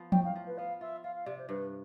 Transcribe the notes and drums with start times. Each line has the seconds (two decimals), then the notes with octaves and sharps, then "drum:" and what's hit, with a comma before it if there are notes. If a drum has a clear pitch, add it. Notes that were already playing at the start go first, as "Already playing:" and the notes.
Already playing: F3 B3
0.12 A2 G5, drum: tom F3
0.25 F5
0.36 F3
0.47 B4
0.58 B3 F5
0.81 F4 E5
1.04 F4 F5
1.16 F5
1.26 C3 D5
1.38 C5
1.49 G2 B4